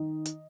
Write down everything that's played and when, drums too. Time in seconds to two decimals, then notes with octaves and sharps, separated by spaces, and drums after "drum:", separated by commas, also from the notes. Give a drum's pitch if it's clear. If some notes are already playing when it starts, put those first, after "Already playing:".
Already playing: D#3 D#5
0.26 drum: hi-hat